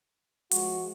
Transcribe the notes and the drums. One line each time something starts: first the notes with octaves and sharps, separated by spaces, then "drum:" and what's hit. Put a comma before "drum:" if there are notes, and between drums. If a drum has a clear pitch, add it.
F3 G#3 F#4, drum: hi-hat